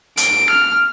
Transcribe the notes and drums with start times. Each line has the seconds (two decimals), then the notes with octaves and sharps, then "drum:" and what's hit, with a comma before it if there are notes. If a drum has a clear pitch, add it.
0.17 D7, drum: hi-hat
0.49 F6